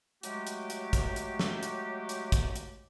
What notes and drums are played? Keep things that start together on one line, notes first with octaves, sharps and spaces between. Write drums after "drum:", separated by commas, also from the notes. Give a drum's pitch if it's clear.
F#3 G#3 A3 G4, drum: hi-hat
drum: hi-hat
drum: hi-hat
drum: kick, hi-hat
drum: hi-hat
drum: snare
drum: hi-hat
drum: hi-hat
drum: kick, hi-hat
drum: hi-hat